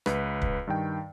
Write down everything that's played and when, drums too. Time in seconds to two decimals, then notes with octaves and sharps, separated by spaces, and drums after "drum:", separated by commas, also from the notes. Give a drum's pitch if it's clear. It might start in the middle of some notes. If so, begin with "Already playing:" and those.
0.06 C#2 B4, drum: rim click
0.42 drum: kick
0.67 G2 D#3 G5